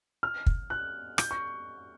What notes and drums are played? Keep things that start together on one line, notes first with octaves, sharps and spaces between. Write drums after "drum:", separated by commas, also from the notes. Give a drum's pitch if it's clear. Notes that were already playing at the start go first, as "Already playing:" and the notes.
F6
drum: kick
F#6
G6, drum: rim click
C#6